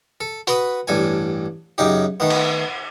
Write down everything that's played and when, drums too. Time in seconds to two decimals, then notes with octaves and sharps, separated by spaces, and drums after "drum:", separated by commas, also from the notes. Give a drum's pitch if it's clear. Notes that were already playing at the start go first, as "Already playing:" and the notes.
0.21 A4
0.47 F#4 B4 B5 D#6, drum: hi-hat
0.88 A1 G2 A4 G#5
1.78 F#2 C#3 D#4 G4
2.20 D#3 A3 B3
2.30 drum: cymbal